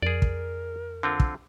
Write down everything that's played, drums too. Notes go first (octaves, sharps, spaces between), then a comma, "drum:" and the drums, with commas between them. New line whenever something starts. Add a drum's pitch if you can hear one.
F2 G#4 A#4 D5
drum: kick
D3 C4 F4
drum: kick